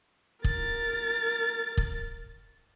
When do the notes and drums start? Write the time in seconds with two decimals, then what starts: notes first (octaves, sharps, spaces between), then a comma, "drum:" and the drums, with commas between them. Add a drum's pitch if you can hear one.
0.44 A#4 A6, drum: kick
1.77 drum: kick